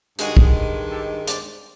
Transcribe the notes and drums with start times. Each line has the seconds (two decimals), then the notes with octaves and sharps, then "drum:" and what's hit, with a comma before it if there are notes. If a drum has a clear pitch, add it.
0.19 G2 D#3 G#3 F#4 G#4, drum: hi-hat
0.37 drum: kick
0.91 G4 A4
1.27 C5 D5, drum: hi-hat